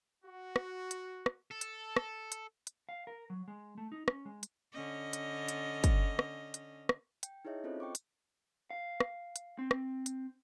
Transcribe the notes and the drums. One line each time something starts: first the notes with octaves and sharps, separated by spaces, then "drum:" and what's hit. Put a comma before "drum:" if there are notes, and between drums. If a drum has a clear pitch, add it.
F#4
drum: rim click
drum: hi-hat
drum: rim click
A4
drum: hi-hat
drum: rim click
drum: hi-hat
drum: hi-hat
F5
A#4
F#3
G#3
A3
D#4
C#4, drum: rim click
G#3
drum: hi-hat
D3 C#4 D#5
drum: hi-hat
drum: hi-hat
drum: kick, hi-hat
drum: rim click
drum: hi-hat
drum: rim click
G5, drum: hi-hat
D#4 E4 G#4 C#5 D#5 E5
C4 C#4 F4 A4 C5 D#5
G5 C#6 D6
drum: hi-hat
F5
drum: rim click
drum: hi-hat
C4
drum: rim click
drum: hi-hat